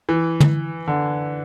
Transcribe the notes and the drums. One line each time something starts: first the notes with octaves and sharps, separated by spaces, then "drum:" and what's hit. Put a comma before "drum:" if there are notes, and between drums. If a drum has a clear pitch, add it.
E3
drum: tom
D3